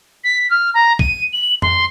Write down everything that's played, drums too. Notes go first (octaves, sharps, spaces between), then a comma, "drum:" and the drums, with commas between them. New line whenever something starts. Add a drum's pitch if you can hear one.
B6
F6
A#5
D#7, drum: kick
F#7
C6, drum: tom F2